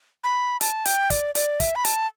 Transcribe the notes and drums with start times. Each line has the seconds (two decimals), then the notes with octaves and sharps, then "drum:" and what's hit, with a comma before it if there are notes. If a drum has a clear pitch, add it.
0.24 B5
0.61 A5, drum: hi-hat
0.85 G5, drum: hi-hat
1.10 D5, drum: kick, hi-hat
1.35 D5, drum: hi-hat
1.60 E5, drum: kick, hi-hat
1.75 B5
1.85 A5, drum: hi-hat